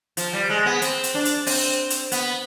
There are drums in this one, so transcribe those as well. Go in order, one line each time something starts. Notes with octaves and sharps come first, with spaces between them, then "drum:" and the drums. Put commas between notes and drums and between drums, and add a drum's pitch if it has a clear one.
F3, drum: hi-hat
G3
G#3
B3
C4, drum: hi-hat
drum: hi-hat
D4
drum: hi-hat
C4, drum: open hi-hat
drum: hi-hat
B3, drum: hi-hat